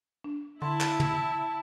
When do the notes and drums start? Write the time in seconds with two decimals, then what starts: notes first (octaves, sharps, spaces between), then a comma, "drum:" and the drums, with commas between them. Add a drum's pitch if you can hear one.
0.24 D4
0.62 D3 E4 A5 C6
0.81 drum: clap
1.00 drum: tom